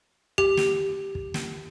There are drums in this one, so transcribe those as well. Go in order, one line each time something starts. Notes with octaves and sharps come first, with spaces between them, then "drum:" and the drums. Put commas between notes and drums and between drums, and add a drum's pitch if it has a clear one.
G4, drum: kick
drum: snare
drum: kick
drum: snare